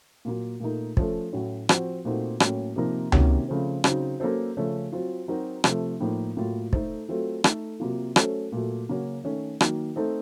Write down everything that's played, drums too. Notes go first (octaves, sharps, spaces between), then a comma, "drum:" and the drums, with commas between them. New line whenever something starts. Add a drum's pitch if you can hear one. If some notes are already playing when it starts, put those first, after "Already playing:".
A#2 F#3 A#3
A#2 A3 D#4 A#4
F3 A3 C#4 A4, drum: kick
A2 F#3 A3 C#4 F#4
F3 C4 F#4, drum: rim click
A#2 A3 C4 D#4 F#4
A2 F#3 A#3 C#4, drum: rim click
C3 F3 A#3 D#4 A#4
C3 D#3 A#3 C#4 F#4, drum: tom C#2
C#3 F3 A3 C4
C#3 F#3 C4 D#4, drum: rim click
F#3 A#3 C#4 A4 C5
C#3 F3 A3 C#4
F#3 C4 F4
F#3 C4 D#4 F#4 A#4
C3 F3 A3, drum: rim click
A2 F3 A#3 D#4
A2 F#3 A#3 F4
A3 D#4 A4 C5, drum: kick
F#3 A3 C4 F4 A4
A3 D#4 A4, drum: rim click
C3 F#3 A#3 F4
F#3 A3 C#4 A4 C5, drum: rim click
A#2 F#3 A3
C#3 F#3 A#3 C#4 F#4
D#3 A3 C#4
D#3 F#3 A#3, drum: rim click
A3 C4 D#4 A4